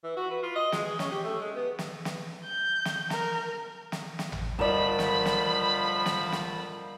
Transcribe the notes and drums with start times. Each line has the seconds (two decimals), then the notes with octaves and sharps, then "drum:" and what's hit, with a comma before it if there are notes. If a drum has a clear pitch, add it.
0.04 E3
0.17 F#4
0.31 B4
0.43 F4
0.55 D#5
0.72 G#3, drum: snare
0.85 G#4
0.99 C#4, drum: snare
1.12 G4
1.24 A3
1.41 G#3
1.56 B3
1.79 drum: snare
2.05 drum: snare
2.45 G6
2.85 drum: snare
3.10 A#4, drum: snare
3.92 drum: snare
4.19 drum: snare
4.32 drum: tom G#1
4.59 G1 A2 F3 A#4 D5 D#5 B5 E7
4.99 drum: snare
5.26 drum: snare
6.06 drum: snare
6.32 drum: snare